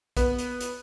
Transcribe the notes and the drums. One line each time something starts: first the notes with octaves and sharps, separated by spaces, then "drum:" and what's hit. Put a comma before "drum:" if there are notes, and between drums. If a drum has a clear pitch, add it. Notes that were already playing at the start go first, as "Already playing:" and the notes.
B3, drum: kick, hi-hat
drum: hi-hat
drum: hi-hat